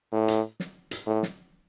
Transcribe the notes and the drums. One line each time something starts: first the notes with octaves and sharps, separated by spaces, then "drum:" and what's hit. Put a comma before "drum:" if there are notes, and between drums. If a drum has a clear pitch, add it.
A2
drum: hi-hat
drum: snare
drum: hi-hat
A2
drum: snare